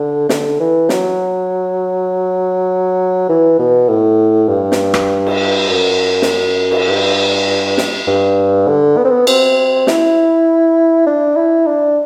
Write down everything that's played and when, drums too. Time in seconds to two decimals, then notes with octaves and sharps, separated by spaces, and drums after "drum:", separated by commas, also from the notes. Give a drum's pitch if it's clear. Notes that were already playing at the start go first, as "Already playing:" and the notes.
Already playing: D3
0.29 D3, drum: snare
0.60 E3
0.89 F#3, drum: snare
3.29 E3
3.59 B2
3.88 A2
4.48 G2
4.72 drum: snare
4.94 drum: rim click
5.27 drum: cymbal
5.68 F#2
6.22 drum: snare
6.71 drum: cymbal
6.88 G2
7.78 drum: snare
8.07 G2
8.68 D3
8.97 B3
9.05 C4
9.12 B3
9.27 C4, drum: cymbal
9.87 E4, drum: snare
11.06 D4
11.36 E4
11.66 D4